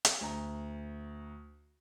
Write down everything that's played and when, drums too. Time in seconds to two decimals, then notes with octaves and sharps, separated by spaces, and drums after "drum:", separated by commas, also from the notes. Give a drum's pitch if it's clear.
0.05 drum: hi-hat
0.21 D2 A#5